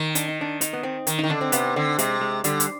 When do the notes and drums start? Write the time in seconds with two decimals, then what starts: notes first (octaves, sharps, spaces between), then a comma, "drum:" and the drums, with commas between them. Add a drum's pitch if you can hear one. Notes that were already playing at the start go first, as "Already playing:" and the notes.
Already playing: D#3
0.15 D4, drum: hi-hat
0.28 D#4
0.41 D4
0.61 D#4, drum: hi-hat
0.73 B3
0.83 C4
1.07 D#3, drum: hi-hat
1.19 D#3 D#4
1.30 D3 D4
1.41 C4
1.52 C3 B3, drum: hi-hat
1.76 D3 C4
1.99 C3 G#3, drum: hi-hat
2.21 G#3
2.44 D3 G3, drum: hi-hat
2.60 drum: hi-hat